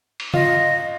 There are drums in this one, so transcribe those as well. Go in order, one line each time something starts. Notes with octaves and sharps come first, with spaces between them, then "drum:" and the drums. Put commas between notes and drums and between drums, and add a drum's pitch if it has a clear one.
drum: cymbal
F4 D#5, drum: tom